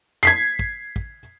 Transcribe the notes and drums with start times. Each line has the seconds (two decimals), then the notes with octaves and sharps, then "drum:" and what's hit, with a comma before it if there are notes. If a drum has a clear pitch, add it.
0.23 G#6 B6 C7
0.59 drum: kick
0.96 drum: kick